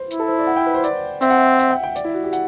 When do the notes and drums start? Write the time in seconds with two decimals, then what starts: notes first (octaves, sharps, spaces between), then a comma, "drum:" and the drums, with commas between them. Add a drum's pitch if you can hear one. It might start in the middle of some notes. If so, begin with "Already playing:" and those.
Already playing: B4 C5
0.11 E4, drum: hi-hat
0.20 A4
0.28 C5
0.38 D5
0.47 F#5
0.56 G5
0.66 B4
0.74 C5
0.84 D5, drum: hi-hat
1.21 C4 E5, drum: hi-hat
1.30 F#5
1.38 E5
1.59 E5, drum: hi-hat
1.71 G5
1.83 G5
1.96 D5, drum: hi-hat
2.04 E4
2.14 F#4
2.24 G4
2.33 F#5, drum: hi-hat